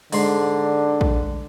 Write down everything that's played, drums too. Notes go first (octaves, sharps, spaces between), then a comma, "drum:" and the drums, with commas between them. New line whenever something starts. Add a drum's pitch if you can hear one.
G#2 D3 C6, drum: open hi-hat
drum: kick